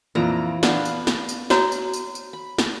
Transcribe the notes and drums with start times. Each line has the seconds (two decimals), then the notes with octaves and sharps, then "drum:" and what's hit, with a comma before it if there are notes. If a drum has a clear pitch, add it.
0.15 F2 A#2 E3 F3 A#5
0.63 B3 D4 F5, drum: snare
0.85 drum: tambourine
1.07 drum: snare
1.29 drum: tambourine
1.50 F#4 C#5 A#5, drum: snare
1.72 drum: tambourine
1.94 drum: tambourine
2.15 drum: tambourine
2.33 B5
2.58 drum: snare